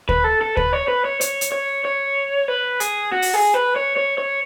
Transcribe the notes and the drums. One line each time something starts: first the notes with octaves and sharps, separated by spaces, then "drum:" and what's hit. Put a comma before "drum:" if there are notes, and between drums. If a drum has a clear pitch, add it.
B4, drum: kick D2
A4
A4
B4, drum: kick D2
C#5
B4
C#5
C#5, drum: hi-hat
drum: hi-hat
C#5
C#5
B4
G#4, drum: hi-hat
F#4
drum: open hi-hat
G#4
B4
C#5
C#5
C#5